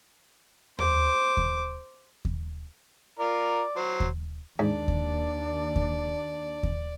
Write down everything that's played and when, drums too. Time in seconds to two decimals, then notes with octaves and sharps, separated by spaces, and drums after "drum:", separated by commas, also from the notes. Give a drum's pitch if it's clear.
0.79 C5 D6, drum: tom D#2
1.37 drum: kick D#2
2.25 drum: kick D#2
3.19 F4 A#4 D5
3.76 F#3 C5
4.00 drum: kick D#2
4.59 D#2 G#2 D4 D5
4.88 drum: kick D#2
5.76 drum: kick D#2
6.63 drum: kick D#2